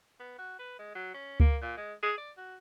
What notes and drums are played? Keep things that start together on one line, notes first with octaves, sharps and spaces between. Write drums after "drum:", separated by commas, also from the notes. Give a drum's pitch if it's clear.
B3
F#4
B4
G#3
F#3
C#4
A#3, drum: kick C#2
A#2
G#3
G#4
D5
F#4